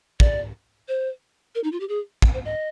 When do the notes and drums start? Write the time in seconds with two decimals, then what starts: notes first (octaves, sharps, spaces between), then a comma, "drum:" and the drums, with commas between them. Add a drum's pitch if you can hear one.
0.20 D5, drum: kick
0.88 C5
1.55 A#4
1.64 D#4
1.72 F4
1.80 G4
1.89 G#4
2.22 drum: kick
2.34 C5
2.45 D#5